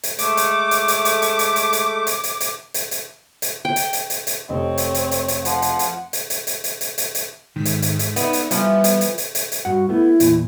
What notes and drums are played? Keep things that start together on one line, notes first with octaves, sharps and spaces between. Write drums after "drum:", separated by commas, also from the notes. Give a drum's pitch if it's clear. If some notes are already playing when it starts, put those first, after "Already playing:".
drum: hi-hat
G#3 A3 D6, drum: hi-hat
drum: hi-hat
drum: hi-hat
drum: hi-hat
drum: hi-hat
drum: hi-hat
drum: hi-hat
drum: hi-hat
drum: hi-hat
drum: hi-hat
drum: hi-hat
drum: hi-hat
drum: hi-hat
drum: hi-hat
drum: hi-hat
G5
drum: hi-hat
drum: hi-hat
drum: hi-hat
drum: hi-hat
F1 C4 C#5 D#5
drum: hi-hat
drum: hi-hat
drum: hi-hat
drum: hi-hat
F3 F#5, drum: hi-hat
drum: hi-hat
drum: hi-hat
drum: hi-hat
drum: hi-hat
drum: hi-hat
drum: hi-hat
drum: hi-hat
drum: hi-hat
drum: hi-hat
G#2 D#3 B6
drum: hi-hat
drum: hi-hat
drum: hi-hat
B3 D#4 D5 E5, drum: hi-hat
drum: hi-hat
E3 F3 G3 B3, drum: hi-hat
drum: hi-hat
drum: hi-hat
drum: hi-hat
drum: hi-hat
drum: hi-hat
G2 F#4 F#5
A3 B3 E4
E2 A#2, drum: hi-hat